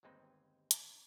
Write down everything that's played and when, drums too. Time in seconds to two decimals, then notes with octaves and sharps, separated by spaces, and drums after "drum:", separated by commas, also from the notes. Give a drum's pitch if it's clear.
0.03 G1 D#2 G#3 C4 D#4 B4
0.71 drum: hi-hat